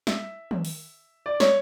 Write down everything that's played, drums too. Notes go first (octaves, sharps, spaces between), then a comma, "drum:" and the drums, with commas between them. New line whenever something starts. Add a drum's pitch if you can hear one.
E5, drum: snare
drum: tom
drum: open hi-hat
D5
C#5, drum: snare